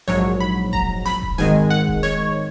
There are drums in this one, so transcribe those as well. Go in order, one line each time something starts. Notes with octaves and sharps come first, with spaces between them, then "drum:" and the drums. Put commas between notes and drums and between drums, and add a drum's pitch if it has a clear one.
A#1 G#2 F#3 C#5, drum: snare
B5
A#5, drum: kick E1
B5, drum: snare
drum: kick E1
G#1 G#2 D#3 G#3 G#5, drum: snare
F#5
drum: kick E1
C#5, drum: snare